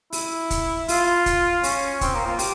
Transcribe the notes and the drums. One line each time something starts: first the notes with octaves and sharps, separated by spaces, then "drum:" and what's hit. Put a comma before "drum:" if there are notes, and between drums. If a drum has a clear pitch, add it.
E4, drum: open hi-hat
drum: kick, hi-hat
F4, drum: open hi-hat
drum: kick, hi-hat
C#4, drum: open hi-hat
C4, drum: kick, hi-hat
A#3
F4
G4, drum: open hi-hat